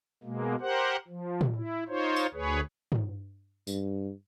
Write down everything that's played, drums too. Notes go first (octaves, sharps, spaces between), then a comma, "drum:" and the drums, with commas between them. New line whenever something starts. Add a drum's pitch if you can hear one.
B2 G#3 A#3
G4 A#4 C5 F#5
F3
drum: tom
E4
D#4 F4 C5 C#5
drum: tambourine
D2 G#4 B4 C#5
drum: tom
G2, drum: tambourine